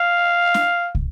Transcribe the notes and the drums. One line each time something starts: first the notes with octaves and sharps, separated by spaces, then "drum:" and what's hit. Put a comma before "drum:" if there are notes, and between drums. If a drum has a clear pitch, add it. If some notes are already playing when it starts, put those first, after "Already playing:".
Already playing: F5
drum: snare
drum: kick